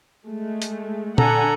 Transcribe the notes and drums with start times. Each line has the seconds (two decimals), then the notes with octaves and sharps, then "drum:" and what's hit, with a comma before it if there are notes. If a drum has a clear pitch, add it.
0.24 G#3 A3
0.62 drum: hi-hat
1.18 D3 A4 F#5 G#5 A#5, drum: tom A#2